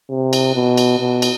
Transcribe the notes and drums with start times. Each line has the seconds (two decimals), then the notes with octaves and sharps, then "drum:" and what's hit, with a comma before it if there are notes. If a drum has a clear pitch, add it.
0.10 C3
0.33 drum: cymbal
0.55 B2
0.78 drum: cymbal
1.00 B2
1.22 drum: cymbal